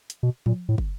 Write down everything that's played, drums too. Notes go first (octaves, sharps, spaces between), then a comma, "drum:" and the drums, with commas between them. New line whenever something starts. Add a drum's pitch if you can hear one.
drum: hi-hat
B2
A#2, drum: tom F3
A2
drum: kick